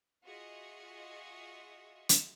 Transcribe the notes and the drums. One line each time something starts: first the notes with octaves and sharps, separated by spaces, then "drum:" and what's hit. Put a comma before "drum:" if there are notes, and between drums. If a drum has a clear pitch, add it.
F4 F#4 G#4 D#5 E5
drum: hi-hat